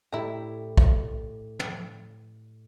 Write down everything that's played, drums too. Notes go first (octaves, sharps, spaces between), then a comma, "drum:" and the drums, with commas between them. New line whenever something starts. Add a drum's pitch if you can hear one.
A2 E4 G4 D5 A#5
drum: kick
drum: tom